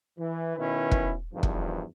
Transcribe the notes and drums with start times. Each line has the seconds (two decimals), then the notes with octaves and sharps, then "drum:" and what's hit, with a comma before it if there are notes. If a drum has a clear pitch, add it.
0.19 E3
0.57 B2 D#3 C#4 E4 B4
0.91 drum: kick
1.34 E2 G2 D#3 F3
1.43 drum: kick